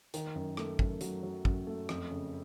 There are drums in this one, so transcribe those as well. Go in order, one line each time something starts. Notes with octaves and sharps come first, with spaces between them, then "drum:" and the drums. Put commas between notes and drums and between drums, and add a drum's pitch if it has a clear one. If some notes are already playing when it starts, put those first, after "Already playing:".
D#3, drum: hi-hat
F#2
A3, drum: rim click
F#2, drum: kick
F#3, drum: hi-hat
F#3
F#2, drum: kick
A3
F2, drum: rim click
C#3